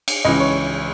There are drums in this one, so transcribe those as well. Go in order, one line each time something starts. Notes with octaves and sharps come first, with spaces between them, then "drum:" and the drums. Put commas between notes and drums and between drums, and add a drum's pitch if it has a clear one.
drum: cymbal
C#2 C#3 E3 D#5
C#5